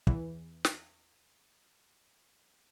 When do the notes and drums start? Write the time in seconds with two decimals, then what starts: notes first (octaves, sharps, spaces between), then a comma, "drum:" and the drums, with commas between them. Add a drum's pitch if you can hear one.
0.07 E2 E3, drum: kick
0.65 drum: snare